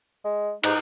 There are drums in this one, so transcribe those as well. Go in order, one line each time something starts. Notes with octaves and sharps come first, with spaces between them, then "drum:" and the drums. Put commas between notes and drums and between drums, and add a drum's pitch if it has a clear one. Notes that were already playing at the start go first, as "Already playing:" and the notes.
G#3
G#2 D#4 F#6, drum: cymbal